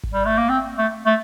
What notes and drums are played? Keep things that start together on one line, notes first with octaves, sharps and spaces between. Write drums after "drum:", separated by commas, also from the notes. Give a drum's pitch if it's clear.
drum: kick G#1
G3
A3
A#3
C4
A3
A3